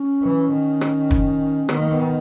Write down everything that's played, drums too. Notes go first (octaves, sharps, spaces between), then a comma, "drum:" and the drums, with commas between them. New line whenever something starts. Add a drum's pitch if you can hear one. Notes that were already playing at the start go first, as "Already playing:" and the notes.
Already playing: C#4
E3
D#3
drum: rim click
drum: kick, hi-hat
D#3 B3, drum: rim click
A#3
B3